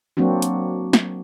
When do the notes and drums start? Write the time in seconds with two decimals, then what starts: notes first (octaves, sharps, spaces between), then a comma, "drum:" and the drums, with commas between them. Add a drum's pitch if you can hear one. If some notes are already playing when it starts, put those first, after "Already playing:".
0.17 F#3 A#3 C4 D4 F#4
0.42 drum: hi-hat
0.93 drum: snare